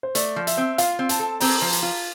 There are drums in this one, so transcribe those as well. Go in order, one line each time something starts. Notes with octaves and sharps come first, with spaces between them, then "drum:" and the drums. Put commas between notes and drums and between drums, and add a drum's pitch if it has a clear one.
C5
A3 D5, drum: hi-hat
F3
E5, drum: hi-hat
C4
F4 F5, drum: hi-hat
C4
A5, drum: hi-hat
A4
C4 A#5, drum: open hi-hat
F3
drum: hi-hat
F4